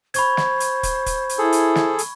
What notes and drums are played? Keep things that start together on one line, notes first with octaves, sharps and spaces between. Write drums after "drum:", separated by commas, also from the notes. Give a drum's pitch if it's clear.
C5 B5 C#6 G#6, drum: hi-hat
drum: snare
drum: hi-hat
drum: kick, hi-hat
drum: kick, hi-hat
drum: hi-hat
E4 G#4 A4
drum: hi-hat
drum: snare
drum: hi-hat